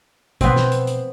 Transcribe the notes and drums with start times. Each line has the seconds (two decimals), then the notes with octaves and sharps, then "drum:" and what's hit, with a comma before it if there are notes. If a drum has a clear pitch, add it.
0.41 B2 B3 C4, drum: kick, hi-hat
0.56 drum: snare
0.72 drum: hi-hat
0.87 drum: hi-hat